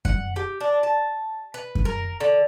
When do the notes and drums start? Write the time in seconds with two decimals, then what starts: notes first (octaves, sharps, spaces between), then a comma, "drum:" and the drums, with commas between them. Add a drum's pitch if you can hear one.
0.05 F#5, drum: kick F#2
0.36 G4
0.61 D4
0.83 A5
1.54 B4
1.75 drum: kick F#2
1.85 A#4
2.20 D3